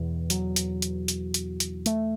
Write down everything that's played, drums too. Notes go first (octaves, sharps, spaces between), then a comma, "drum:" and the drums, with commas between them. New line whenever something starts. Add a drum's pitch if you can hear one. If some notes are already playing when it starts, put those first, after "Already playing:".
Already playing: E2 B2 E3
F#3, drum: hi-hat
drum: hi-hat
drum: hi-hat
drum: hi-hat
drum: hi-hat
drum: hi-hat
A3, drum: hi-hat